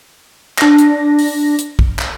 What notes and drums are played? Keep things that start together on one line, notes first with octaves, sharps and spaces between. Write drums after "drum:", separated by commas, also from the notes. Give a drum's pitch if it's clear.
D4 A#6, drum: clap
drum: hi-hat
drum: open hi-hat
drum: hi-hat
drum: kick
drum: clap